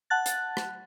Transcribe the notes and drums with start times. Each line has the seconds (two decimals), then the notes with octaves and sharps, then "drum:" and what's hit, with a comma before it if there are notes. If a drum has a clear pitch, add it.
0.10 F#5 A5 F#6 A6
0.26 drum: hi-hat
0.57 drum: rim click